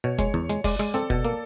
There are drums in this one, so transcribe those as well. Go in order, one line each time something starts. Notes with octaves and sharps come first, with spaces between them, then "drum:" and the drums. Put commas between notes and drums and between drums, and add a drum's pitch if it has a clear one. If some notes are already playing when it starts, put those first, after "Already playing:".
B2 C#5
G#3 C#5, drum: kick, hi-hat
E2
G#3, drum: hi-hat
G#3 D5, drum: kick, open hi-hat
G#3, drum: rim click
C4 A4
B2, drum: kick
A#3